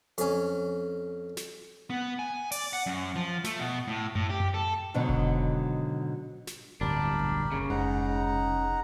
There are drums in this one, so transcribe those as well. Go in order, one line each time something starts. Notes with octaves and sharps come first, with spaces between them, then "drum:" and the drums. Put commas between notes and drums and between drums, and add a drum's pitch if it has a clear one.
F2 C#4, drum: hi-hat
drum: snare
B3
G#5
D5, drum: open hi-hat
F#5
F#2
F3
A3, drum: snare
B2
A2
A2, drum: tom F#2
G4
drum: tom F#2
A4
G#2 B2 D3 D#3 F#3
drum: kick F1
drum: snare
D1 G1 D4 G4 A#4 B5
A#1
F1 C#2 C#3
F1 G#2 D#4 F#5 A#5